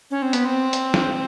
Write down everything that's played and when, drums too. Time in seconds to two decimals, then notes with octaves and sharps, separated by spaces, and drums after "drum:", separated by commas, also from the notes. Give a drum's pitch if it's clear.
0.11 C#4
0.22 C4
0.33 B3, drum: hi-hat
0.45 C4
0.73 drum: hi-hat
0.94 drum: snare